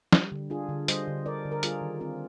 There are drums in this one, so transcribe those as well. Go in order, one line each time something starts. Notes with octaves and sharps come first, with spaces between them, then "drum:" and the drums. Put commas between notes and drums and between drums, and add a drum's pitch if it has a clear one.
G3, drum: snare
D3
D4 F4 G#4
D3
G3 C5 D#5, drum: hi-hat
D3
D4 A#4 D5
D3
A#4
G3 F4 G#4, drum: hi-hat
D#3
C4 F4 G#4